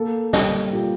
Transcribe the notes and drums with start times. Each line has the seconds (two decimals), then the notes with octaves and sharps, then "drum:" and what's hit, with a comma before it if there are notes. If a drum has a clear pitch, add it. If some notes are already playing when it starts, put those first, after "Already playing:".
Already playing: A#3 A4
0.33 G3, drum: snare
0.73 A#2 G4